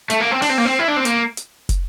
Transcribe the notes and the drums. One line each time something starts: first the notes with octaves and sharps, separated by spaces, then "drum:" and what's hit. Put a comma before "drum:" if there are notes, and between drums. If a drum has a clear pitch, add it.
A3, drum: hi-hat
A#3
C4
D4, drum: open hi-hat
C4
A#3
C4
E4
D4
C4
A#3, drum: hi-hat
drum: hi-hat
drum: kick, hi-hat